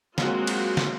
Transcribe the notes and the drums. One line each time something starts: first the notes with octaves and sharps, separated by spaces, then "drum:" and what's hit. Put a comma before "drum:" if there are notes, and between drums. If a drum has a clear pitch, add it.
F#3 G#3 A#3 C4 F4 F#4, drum: snare
drum: cymbal
drum: snare